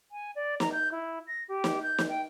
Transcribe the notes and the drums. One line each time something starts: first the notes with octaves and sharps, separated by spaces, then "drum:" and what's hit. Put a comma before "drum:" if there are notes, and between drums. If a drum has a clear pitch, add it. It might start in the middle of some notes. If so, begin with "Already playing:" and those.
G#5
D5
A#5, drum: snare
G6
E4
A#6
G4
drum: snare
G6
drum: snare
G5